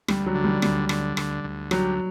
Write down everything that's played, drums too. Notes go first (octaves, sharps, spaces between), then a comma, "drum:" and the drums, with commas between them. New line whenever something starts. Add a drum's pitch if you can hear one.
D2 G3, drum: rim click
F#3
D3
G3
D2 G3, drum: rim click
D3, drum: rim click
D2, drum: rim click
D2
F#3 G3, drum: rim click